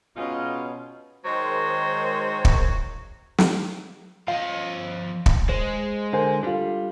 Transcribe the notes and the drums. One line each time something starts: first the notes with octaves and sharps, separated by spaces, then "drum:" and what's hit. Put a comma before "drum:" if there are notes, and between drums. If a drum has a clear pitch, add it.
B2 G#3 C#4 D#4 F4
D#3 F#3 G#3 C5
drum: kick
drum: snare
F3 D#5 F5
drum: kick
G#3 C5
D3 A#4 C5 G#5
G3 D4 F4 A4